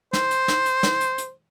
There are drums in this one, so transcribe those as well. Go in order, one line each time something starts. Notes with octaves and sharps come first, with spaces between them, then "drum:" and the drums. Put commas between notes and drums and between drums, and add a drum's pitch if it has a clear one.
C5, drum: snare
drum: hi-hat
drum: snare
drum: hi-hat
drum: snare
drum: hi-hat
drum: hi-hat